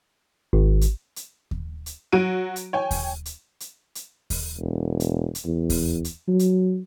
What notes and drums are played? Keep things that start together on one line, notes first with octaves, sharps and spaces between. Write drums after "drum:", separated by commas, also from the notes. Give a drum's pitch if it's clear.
G#1
drum: hi-hat
drum: hi-hat
drum: kick D#2
drum: hi-hat
F#3 F#4 D7 D#7
drum: hi-hat
C#5 G5 G#5
drum: kick D#2, open hi-hat
drum: hi-hat
drum: hi-hat
drum: hi-hat
drum: kick D#2, open hi-hat
E1
drum: hi-hat
drum: hi-hat
E2
drum: kick D#2, open hi-hat
drum: hi-hat
F#3
drum: hi-hat